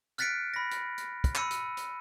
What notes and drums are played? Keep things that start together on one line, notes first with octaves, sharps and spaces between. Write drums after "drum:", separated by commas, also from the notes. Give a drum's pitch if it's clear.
F6 F#6 A6 B6 C#7 D7, drum: hi-hat
B5 A#6
drum: hi-hat
drum: hi-hat
drum: kick, hi-hat
B5 E6 C#7 D#7, drum: clap
drum: hi-hat
drum: hi-hat